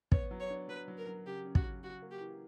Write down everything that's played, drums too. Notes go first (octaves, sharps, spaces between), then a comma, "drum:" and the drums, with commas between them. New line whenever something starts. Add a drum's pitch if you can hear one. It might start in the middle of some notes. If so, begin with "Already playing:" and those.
B3 C#5, drum: kick
F#3
C#5
D4
F#3 B4
F#3
A#4
F#3
C#3 G4
C#4
F#4, drum: kick
C#3
C#3 F#4
A#3
G4
E3